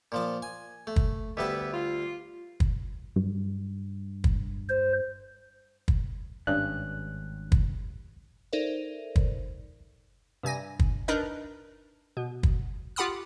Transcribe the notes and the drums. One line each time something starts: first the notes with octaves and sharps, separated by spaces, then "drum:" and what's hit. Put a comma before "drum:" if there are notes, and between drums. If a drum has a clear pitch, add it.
A#2 F3 A5
G#5
A3
drum: kick
D2 G3 B3 E5 A5
F4
drum: kick
G2
drum: kick
C5
drum: kick
G#1 G2 C#4 F#6
drum: kick
D#4 A4 A#4 C5 D5 E5
drum: kick
G2 C3 G#5 A#6
drum: kick
D4 D#4 A#4 B4 D#5
B2
drum: kick
F4 G4 F#5 B5 D#6 F6